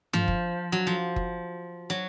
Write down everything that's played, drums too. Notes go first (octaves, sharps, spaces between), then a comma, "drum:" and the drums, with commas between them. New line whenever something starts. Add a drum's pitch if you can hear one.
F3, drum: tom G2
drum: kick F#1
F#3
F3
drum: kick F#1
F#3